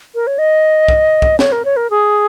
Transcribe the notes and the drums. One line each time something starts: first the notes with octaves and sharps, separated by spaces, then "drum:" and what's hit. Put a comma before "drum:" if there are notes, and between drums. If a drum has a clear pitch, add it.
A#4
C#5
D#5
drum: kick
drum: kick
C#5, drum: snare
A#4
C#5
A#4
G#4